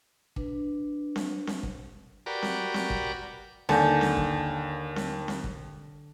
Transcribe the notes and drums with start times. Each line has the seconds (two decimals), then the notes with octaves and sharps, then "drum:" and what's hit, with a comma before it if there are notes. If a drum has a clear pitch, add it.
0.36 D4 B4, drum: kick
1.16 drum: snare C4
1.47 drum: snare C4
1.63 drum: kick
2.26 F#4 G4 A#4 B4 D5
2.42 drum: snare C4
2.74 drum: snare C4
2.90 drum: kick
3.69 D#2 D3 G#5 A5 G6, drum: snare C4
4.01 drum: snare C4
4.17 drum: kick
4.96 drum: snare C4
5.28 drum: snare C4
5.44 drum: kick